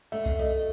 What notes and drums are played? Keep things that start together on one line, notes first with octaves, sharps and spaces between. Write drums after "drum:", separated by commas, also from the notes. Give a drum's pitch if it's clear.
A3 E5
drum: kick C2
A3 D#5